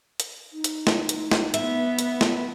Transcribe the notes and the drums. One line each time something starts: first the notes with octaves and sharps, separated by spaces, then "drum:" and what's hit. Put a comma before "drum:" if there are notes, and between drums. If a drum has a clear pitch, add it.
drum: hi-hat
D#4
drum: hi-hat
drum: snare
drum: hi-hat
drum: snare
B3 E5, drum: hi-hat
drum: hi-hat
drum: snare